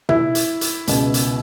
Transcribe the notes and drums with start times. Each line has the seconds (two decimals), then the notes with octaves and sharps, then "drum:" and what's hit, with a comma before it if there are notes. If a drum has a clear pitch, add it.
0.09 E4, drum: tom B2
0.35 drum: hi-hat
0.61 drum: hi-hat
0.87 C#2 B2, drum: hi-hat
1.14 drum: hi-hat